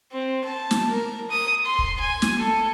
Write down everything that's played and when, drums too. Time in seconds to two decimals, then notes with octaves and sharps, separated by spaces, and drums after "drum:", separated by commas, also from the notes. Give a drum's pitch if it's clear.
0.12 C4
0.44 A5
0.71 drum: snare
0.89 A#4
1.31 D#6
1.65 C6
1.79 drum: kick
2.00 G#5
2.22 drum: snare
2.39 A4